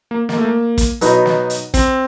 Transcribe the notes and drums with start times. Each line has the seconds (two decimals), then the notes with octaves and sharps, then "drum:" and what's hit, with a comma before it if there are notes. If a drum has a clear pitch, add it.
0.11 A#3
0.29 A#3, drum: snare
0.38 A3
0.45 A#3
0.78 drum: kick, hi-hat
1.01 B2 F#3 B3 D#4, drum: hi-hat
1.26 drum: snare
1.50 drum: hi-hat
1.74 C4, drum: kick, hi-hat